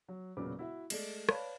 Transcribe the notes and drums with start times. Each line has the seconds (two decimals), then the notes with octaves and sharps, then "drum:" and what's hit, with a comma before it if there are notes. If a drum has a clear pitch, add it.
0.08 F#3
0.37 E1 A#2 C#3 F#3 B4 D6
0.59 E4 F#4 E5
0.90 G#3 A3 D5, drum: cymbal
1.29 B4 C#5 D5 F5 A5 B5, drum: rim click